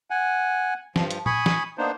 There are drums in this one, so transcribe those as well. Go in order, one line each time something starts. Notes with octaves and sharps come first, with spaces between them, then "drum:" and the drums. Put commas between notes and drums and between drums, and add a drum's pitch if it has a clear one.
F#5 G#5
G2 F3, drum: snare
drum: hi-hat
G#5 B5 C#6 D#6, drum: tom A#2
drum: snare
A#3 B3 D4 D#4 C5